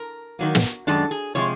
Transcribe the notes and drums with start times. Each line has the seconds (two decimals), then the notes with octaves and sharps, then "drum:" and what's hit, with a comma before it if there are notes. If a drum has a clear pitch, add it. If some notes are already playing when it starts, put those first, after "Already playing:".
Already playing: A#4
0.39 D#3 F#3 A#3
0.55 drum: snare
0.87 F#2 D#3 G#3 D4 A4
1.11 G#4
1.35 C3 F3 G#3 C#5